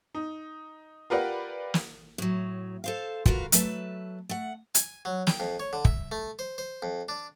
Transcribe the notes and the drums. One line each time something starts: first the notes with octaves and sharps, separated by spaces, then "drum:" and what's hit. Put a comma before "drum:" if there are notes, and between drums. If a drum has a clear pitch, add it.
D#4
F4 G4 A#4 B4 D5 F#5
drum: snare
A2 F#3
A4 C5 F5
F4 F#4 A#4 B4 E5 F5, drum: kick
F#3 A3 B4 A5, drum: hi-hat
A3 F#5
G#5, drum: hi-hat
F#3
G5, drum: snare
F2
C#5
D3
E5, drum: kick
A3
C5
C5
F2
D4